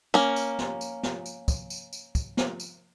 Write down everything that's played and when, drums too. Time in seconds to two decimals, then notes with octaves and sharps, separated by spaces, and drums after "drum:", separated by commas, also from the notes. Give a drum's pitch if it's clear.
0.14 A#3 C#4, drum: tambourine
0.36 drum: tambourine
0.59 drum: snare
0.81 drum: tambourine
1.03 drum: snare
1.26 drum: tambourine
1.48 drum: kick, tambourine
1.70 drum: tambourine
1.93 drum: tambourine
2.15 drum: kick, tambourine
2.37 drum: snare
2.60 drum: tambourine